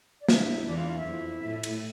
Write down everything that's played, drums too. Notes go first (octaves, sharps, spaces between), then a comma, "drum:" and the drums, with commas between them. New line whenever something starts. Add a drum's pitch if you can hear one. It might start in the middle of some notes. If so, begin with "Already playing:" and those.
D5
D3 E4 E5, drum: snare
E2 E3 D4 D5
F4 F5
F4 F5
E4 E5
F2 F3
A2 A3
drum: cymbal